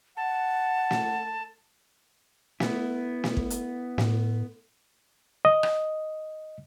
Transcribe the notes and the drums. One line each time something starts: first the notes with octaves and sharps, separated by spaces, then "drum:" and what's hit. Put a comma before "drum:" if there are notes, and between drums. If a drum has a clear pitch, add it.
F#5 A5
drum: snare
B3 E4, drum: snare
drum: snare
drum: kick
drum: hi-hat
A2, drum: snare
D#5
drum: rim click